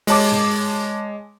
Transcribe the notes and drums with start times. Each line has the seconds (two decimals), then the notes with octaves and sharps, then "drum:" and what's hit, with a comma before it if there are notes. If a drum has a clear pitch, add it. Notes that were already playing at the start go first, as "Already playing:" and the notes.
0.07 G#3 C#5 A5 D6, drum: open hi-hat
0.32 drum: tom